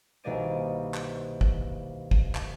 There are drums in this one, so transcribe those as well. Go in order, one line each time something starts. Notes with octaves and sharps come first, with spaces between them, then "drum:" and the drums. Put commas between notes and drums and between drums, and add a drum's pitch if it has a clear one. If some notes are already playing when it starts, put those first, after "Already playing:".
C2 B2 D#3 A#3 D5 D#7
drum: clap
drum: kick
drum: kick
drum: clap